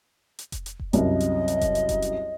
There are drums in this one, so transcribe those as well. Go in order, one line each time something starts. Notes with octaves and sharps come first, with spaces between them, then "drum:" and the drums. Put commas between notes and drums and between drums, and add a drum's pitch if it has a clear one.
drum: hi-hat
drum: kick F1, hi-hat
drum: hi-hat
drum: kick F1
C2 F#2 D#5, drum: hi-hat
drum: hi-hat
drum: hi-hat
drum: kick F1, hi-hat
drum: hi-hat
drum: kick F1, hi-hat
drum: hi-hat